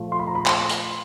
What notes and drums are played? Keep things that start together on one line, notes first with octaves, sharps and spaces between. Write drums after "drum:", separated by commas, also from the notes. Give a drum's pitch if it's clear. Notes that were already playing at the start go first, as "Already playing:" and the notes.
Already playing: A#2 F3 A3
C6
B5
A#5
B5
C6, drum: clap
drum: hi-hat